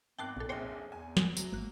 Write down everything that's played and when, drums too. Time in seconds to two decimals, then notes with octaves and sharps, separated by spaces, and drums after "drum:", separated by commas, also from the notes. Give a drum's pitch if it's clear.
0.19 G#1 B3 G5 A5 D6 F#6 C7
0.37 B1 A#2 A4
0.49 F1 A#1 G#4 C5 C#5 G5
0.92 E2 G#5
1.17 drum: snare
1.37 D2 F#3, drum: tambourine
1.52 G#1 A#3 F#6